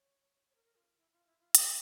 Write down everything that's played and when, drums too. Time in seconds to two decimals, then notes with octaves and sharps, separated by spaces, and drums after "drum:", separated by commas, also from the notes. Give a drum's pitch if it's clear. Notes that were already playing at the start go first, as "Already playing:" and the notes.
Already playing: C#5
0.50 C#5
0.55 A#4
0.65 A#4
0.76 F4
0.97 E4
1.12 F4
1.26 E4
1.40 F4
1.55 A#4, drum: hi-hat